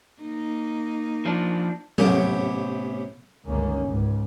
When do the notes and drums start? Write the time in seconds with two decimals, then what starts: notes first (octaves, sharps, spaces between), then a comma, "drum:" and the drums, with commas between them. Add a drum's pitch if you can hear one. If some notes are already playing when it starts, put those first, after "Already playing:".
0.22 A#3 D#4
1.26 F3 D4
1.98 A1 C3 B3 G4 C#5, drum: tom F#3
3.45 G1 C#2 D3 D#3 A#3 C#4
3.86 C#2 G#2